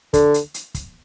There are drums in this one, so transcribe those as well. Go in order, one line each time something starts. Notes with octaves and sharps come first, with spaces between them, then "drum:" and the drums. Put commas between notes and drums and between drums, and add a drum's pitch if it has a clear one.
D3, drum: kick, hi-hat
drum: hi-hat
drum: hi-hat
drum: kick, hi-hat